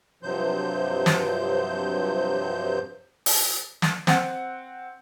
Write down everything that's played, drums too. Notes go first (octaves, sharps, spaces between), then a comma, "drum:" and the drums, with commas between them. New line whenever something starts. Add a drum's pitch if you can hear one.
G2 C3 F3 F#3 C5 G6
drum: snare
drum: open hi-hat
drum: snare
C4 F#5, drum: snare